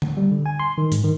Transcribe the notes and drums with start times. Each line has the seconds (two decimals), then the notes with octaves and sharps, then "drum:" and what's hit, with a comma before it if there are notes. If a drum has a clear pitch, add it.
0.02 drum: tom D3
0.17 G3
0.31 D3
0.46 G#5
0.60 C6
0.78 D#3
0.92 G#2, drum: hi-hat
1.04 D#3